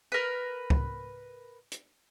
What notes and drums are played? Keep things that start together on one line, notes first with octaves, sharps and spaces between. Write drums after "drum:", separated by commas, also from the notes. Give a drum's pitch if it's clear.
A#4 B4
drum: kick C#2
drum: hi-hat